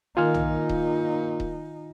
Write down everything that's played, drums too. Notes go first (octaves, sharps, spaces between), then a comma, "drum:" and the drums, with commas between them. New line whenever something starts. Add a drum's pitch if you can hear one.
A#2 D#3 D#4 F4 A#4 G#5 F6
drum: tom B1
drum: kick D#1
drum: kick D#1